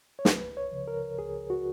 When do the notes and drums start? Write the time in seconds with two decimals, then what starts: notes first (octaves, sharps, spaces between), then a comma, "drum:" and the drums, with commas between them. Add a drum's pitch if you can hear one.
0.19 C#5
0.25 C#2 B4, drum: snare
0.57 C#5
0.72 C#3 F3
0.88 A#4
1.18 C#2 G#4
1.50 F#4